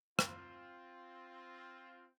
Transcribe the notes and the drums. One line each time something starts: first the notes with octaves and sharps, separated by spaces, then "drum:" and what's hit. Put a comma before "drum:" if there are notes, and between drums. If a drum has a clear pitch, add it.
C4 F4, drum: rim click